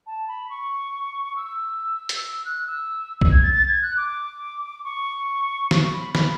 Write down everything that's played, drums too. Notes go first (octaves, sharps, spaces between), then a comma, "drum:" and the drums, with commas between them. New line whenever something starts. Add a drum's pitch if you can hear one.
A5
B5
C#6
E6
drum: hi-hat
E6
F#6
E6
E6, drum: kick B1
G#6
A6
A6
G#6
F#6
D6
C#6
C#6, drum: snare
B5
B5, drum: snare